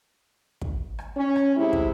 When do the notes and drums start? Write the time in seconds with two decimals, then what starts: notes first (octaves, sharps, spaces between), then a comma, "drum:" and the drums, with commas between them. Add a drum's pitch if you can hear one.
0.61 drum: kick
0.99 drum: rim click
1.17 C#4
1.36 drum: rim click
1.57 C3 G#3 E4
1.73 drum: kick